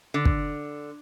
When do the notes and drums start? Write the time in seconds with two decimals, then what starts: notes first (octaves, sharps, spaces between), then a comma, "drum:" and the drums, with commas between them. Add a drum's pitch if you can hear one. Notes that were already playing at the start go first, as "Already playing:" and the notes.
0.14 D3
0.25 drum: kick